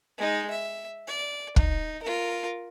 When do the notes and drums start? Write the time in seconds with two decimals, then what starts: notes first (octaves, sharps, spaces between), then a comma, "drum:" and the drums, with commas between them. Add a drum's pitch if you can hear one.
0.18 G#3 D#4
0.50 E5
1.07 D5
1.56 D#4, drum: kick
2.02 F4 A#4